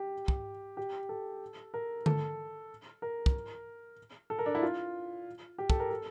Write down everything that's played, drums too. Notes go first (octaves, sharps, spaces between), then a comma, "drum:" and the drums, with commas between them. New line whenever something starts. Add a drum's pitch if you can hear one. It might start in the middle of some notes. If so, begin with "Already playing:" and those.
Already playing: G4
drum: kick
G4
A4
A#4
A4, drum: tom D3
A#4
drum: kick
A4
A#4
D4
E4
F4
G4
A4, drum: kick
A#4
A4